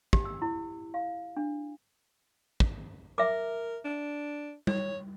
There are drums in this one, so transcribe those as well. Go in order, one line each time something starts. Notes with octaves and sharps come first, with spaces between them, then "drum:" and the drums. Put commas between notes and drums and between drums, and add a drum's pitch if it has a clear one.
G4, drum: kick
E6
E4
F5
D4
drum: kick
A#4 E5 D6
D4
C#5, drum: tom G3